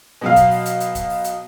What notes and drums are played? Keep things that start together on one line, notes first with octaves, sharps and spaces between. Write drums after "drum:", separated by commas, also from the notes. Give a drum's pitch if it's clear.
B2 F#3 F5
drum: kick, hi-hat
drum: open hi-hat
drum: hi-hat
drum: hi-hat
drum: kick, hi-hat
drum: open hi-hat
drum: hi-hat